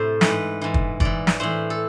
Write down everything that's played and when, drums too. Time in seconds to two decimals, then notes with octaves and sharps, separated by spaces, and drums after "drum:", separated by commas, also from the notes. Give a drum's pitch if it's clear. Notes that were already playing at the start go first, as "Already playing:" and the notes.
Already playing: A2 C3 A4 C5
0.21 G#2 E3 B4, drum: snare
0.62 G#2 E3
0.74 drum: kick
1.00 G#2 E3 D5, drum: kick
1.27 drum: snare
1.40 A2 E3 C5
1.70 A4